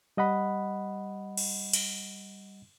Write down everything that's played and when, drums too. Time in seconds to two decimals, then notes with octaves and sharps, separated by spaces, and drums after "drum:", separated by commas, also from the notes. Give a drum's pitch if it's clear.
0.17 G3 D#5 F#5 B5
1.37 drum: cymbal
1.73 drum: cymbal